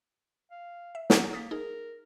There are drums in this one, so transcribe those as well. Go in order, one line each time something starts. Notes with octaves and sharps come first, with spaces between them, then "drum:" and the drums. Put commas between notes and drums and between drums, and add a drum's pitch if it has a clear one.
F5
E5
A#4 F#5 A#5 F6, drum: snare
A#3 D#6 A6 B6
D#4 G#4 A#4